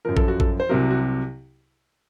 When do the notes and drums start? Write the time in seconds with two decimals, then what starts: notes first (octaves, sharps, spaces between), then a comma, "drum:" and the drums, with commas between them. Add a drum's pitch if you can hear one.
0.05 F#2 F3 A#4
0.17 A4, drum: kick A1
0.28 F#4
0.40 A4, drum: kick A1
0.60 C5
0.69 C2 C3 F#3 A#4
0.91 F#4